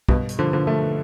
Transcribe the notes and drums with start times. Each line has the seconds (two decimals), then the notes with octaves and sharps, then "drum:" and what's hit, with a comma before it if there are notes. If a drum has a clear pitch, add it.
0.09 G2 B2, drum: kick
0.29 drum: hi-hat
0.39 D3 F3
0.53 D3 F3
0.67 F3 A3